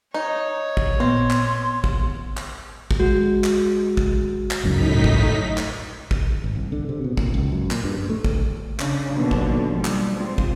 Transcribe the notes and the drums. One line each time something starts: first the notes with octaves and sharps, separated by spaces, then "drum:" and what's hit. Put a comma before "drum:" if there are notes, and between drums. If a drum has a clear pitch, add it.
D#4 C#5
drum: kick
A#2 B3 C4 C6
drum: clap
drum: kick
drum: clap
drum: kick
G#3 F#4
drum: clap
drum: kick
drum: clap
G1 C#2 F#2 A2 D#4 B6
drum: kick
drum: clap
drum: kick
G#1
C2
D3
C3
B2
A#2, drum: kick
C#2
F#2
A#2, drum: clap
G2
G2
A3
drum: kick
C#3 D4, drum: clap
D#2 B2 D3 D#3 F#3 D4
drum: kick
F3 G3
drum: clap
G#3 C4 D4 F4
drum: kick